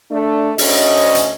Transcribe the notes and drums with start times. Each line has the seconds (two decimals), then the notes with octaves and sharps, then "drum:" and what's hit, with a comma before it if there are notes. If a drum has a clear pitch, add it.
0.11 A3 D4
0.58 D2 C#4 D#5, drum: open hi-hat
1.15 drum: hi-hat